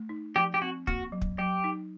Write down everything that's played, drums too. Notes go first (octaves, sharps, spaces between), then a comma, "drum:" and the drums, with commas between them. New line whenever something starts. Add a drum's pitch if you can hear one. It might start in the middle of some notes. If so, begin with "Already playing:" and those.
Already playing: A3
D#4
F3 G4
G4
C4 F#4
A#3 F#4, drum: kick
F#3
drum: kick
F#3 G4
D#4